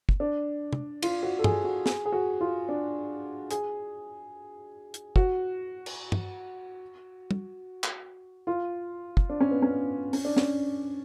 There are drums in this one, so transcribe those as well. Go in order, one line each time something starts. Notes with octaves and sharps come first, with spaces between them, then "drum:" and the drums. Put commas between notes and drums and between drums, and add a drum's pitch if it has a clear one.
drum: kick
D4
drum: tom
F4, drum: cymbal
F#4
A4
G#4, drum: tom
F#4
G#4, drum: snare
G#4
F#4
F4
D4
G#4, drum: hi-hat
drum: hi-hat
F#4, drum: kick
drum: cymbal
drum: tom
drum: tom
drum: clap
F4
drum: kick
D4
C#4
B3
C#4
C#4, drum: open hi-hat
D4
C#4, drum: snare